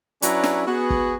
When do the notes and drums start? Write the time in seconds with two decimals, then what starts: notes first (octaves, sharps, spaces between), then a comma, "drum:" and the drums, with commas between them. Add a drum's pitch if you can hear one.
0.22 F#3 C#4 D4 E4 B4 A#5, drum: hi-hat
0.43 drum: snare
0.67 B3 F#4 G#4
0.90 drum: kick